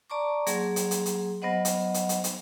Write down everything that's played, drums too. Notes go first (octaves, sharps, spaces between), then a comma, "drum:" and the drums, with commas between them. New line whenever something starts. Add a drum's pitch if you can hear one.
D5 A5 A#5 C#6 D6
F#3 A#3 G#4 C6, drum: hi-hat
drum: hi-hat
drum: hi-hat
drum: hi-hat
F#3 B3 C5 D#5 F#5
drum: hi-hat
drum: hi-hat
drum: hi-hat
drum: hi-hat